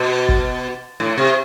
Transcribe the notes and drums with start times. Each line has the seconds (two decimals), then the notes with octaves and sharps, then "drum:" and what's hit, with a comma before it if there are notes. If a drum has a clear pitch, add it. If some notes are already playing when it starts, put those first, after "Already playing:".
Already playing: B2
0.29 drum: kick G1
1.00 A2
1.18 C3